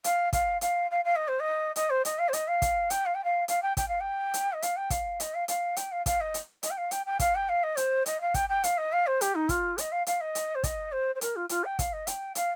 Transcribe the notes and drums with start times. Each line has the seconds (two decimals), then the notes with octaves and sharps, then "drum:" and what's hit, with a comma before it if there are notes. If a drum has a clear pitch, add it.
0.04 F5, drum: hi-hat
0.33 F5, drum: kick, hi-hat
0.61 F5, drum: hi-hat
0.91 F5
1.04 F5
1.15 D#5
1.28 C5
1.40 D#5
1.76 D#5, drum: hi-hat
1.90 C5
2.05 D#5, drum: hi-hat
2.18 F5
2.28 C5
2.33 D#5, drum: hi-hat
2.47 F5
2.62 drum: kick, hi-hat
2.90 G5, drum: hi-hat
3.05 F5
3.14 G5
3.24 F5
3.48 F5, drum: hi-hat
3.62 G5
3.77 G5, drum: kick, hi-hat
3.88 F5
4.00 G5
4.34 drum: hi-hat
4.52 D#5
4.62 F5, drum: hi-hat
4.76 G5
4.90 F5, drum: kick, hi-hat
5.20 D#5, drum: hi-hat
5.34 F5
5.48 F5, drum: hi-hat
5.76 G5, drum: hi-hat
5.91 F5
6.06 F5, drum: kick, hi-hat
6.20 D#5
6.34 drum: hi-hat
6.63 D#5, drum: hi-hat
6.70 G5
6.77 F5
6.91 G5, drum: hi-hat
7.06 G5
7.20 F5, drum: kick, hi-hat
7.35 G5
7.49 F5
7.63 D#5
7.77 C5, drum: hi-hat
8.06 D#5, drum: hi-hat
8.20 F5
8.34 G5, drum: kick, hi-hat
8.49 G5
8.64 F5, drum: hi-hat
8.77 D#5
8.92 F5
9.06 C5
9.21 G4, drum: hi-hat
9.35 D#4
9.49 F4, drum: kick, hi-hat
9.78 D#5, drum: hi-hat
9.91 F5
10.07 F5, drum: hi-hat
10.20 D#5
10.35 drum: hi-hat
10.55 C5
10.64 D#5, drum: kick, hi-hat
10.92 C5
11.15 C5
11.21 A#4, drum: hi-hat
11.36 F4
11.49 F4, drum: hi-hat
11.64 G5
11.79 F5, drum: kick, hi-hat
11.93 D#5
12.07 G5, drum: hi-hat
12.35 F5, drum: hi-hat